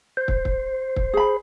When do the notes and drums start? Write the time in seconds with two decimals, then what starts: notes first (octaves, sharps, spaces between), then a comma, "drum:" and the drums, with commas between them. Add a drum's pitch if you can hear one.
0.17 C5
0.28 drum: kick
0.45 drum: kick
0.96 drum: kick
1.13 G#4 B5